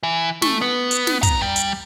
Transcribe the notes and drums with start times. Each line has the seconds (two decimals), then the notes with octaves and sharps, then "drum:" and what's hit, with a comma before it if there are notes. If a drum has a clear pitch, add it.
0.03 E3
0.42 A3, drum: snare
0.61 B3
0.91 drum: hi-hat
1.07 drum: snare
1.23 D3 A#5, drum: kick, hi-hat
1.41 G3
1.56 drum: hi-hat